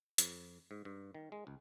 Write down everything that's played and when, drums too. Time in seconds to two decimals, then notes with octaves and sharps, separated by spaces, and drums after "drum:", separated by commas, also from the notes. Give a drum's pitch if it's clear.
0.18 F2, drum: hi-hat
0.71 G#2
0.85 G2
1.15 D#3
1.32 G#3
1.47 C#2